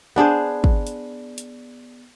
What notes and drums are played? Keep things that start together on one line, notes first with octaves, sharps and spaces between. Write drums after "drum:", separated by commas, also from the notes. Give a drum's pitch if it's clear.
B3 D4 G#4 C5
drum: kick
drum: hi-hat
drum: hi-hat